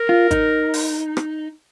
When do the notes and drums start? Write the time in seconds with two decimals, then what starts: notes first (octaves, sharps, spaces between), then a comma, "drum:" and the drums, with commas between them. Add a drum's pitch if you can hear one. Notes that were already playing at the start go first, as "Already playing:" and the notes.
Already playing: A#4
0.09 F4
0.31 D#4, drum: kick G#1, hi-hat
0.74 drum: open hi-hat
1.17 drum: rim click